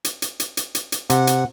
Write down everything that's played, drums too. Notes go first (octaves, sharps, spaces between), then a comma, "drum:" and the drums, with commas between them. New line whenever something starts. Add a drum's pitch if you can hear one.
drum: hi-hat
drum: hi-hat
drum: hi-hat
drum: hi-hat
drum: hi-hat
drum: hi-hat
C3 F#5, drum: hi-hat
drum: hi-hat